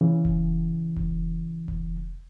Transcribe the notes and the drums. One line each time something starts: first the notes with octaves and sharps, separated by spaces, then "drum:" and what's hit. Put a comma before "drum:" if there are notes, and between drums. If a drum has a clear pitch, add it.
C#3 E3
drum: kick E1
drum: kick E1
drum: kick E1